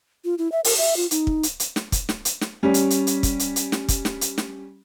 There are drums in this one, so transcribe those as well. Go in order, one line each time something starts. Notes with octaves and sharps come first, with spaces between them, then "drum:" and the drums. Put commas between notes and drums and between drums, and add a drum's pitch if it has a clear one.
F4
E4
E5
A#4, drum: open hi-hat
E5
F4
D#4, drum: hi-hat
drum: kick
drum: hi-hat
drum: hi-hat
drum: snare
drum: kick, hi-hat
drum: snare
drum: hi-hat
drum: snare
G3 C#4
drum: hi-hat
drum: hi-hat
drum: hi-hat
drum: kick, hi-hat
drum: hi-hat
drum: hi-hat
drum: snare
drum: kick, hi-hat
drum: snare
drum: hi-hat
drum: snare